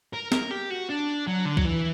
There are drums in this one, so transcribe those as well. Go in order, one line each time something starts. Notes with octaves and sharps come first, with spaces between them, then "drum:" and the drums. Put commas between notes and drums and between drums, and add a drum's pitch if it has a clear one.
A#4
A#4, drum: snare
G4
F#4
D4
F#3
D3
F#3, drum: kick
E3